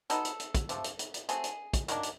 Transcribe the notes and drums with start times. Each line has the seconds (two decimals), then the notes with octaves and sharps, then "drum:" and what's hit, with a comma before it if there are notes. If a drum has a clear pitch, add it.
0.10 F#3 B3 D#4 A4, drum: hi-hat
0.25 drum: hi-hat
0.40 drum: hi-hat
0.54 drum: kick, hi-hat
0.69 C3 F3 A3, drum: hi-hat
0.84 drum: hi-hat
0.99 drum: hi-hat
1.14 drum: hi-hat
1.29 F#3 A3 C4 G#4, drum: hi-hat
1.44 drum: hi-hat
1.73 drum: kick, hi-hat
1.88 D#3 F#3 A#3 D4 F#4, drum: hi-hat
2.03 drum: hi-hat